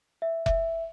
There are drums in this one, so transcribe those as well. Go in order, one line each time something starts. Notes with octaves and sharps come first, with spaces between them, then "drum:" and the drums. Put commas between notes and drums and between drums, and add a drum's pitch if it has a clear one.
E5
E5, drum: kick F1